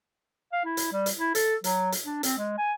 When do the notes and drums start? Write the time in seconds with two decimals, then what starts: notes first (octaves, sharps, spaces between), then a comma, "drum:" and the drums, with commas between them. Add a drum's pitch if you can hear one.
0.53 F5
0.65 E4
0.77 drum: hi-hat
0.93 G3
1.06 drum: hi-hat
1.19 E4
1.35 A4, drum: hi-hat
1.64 F#3, drum: hi-hat
1.92 drum: hi-hat
2.05 D4
2.23 C4, drum: hi-hat
2.38 G#3
2.58 G#5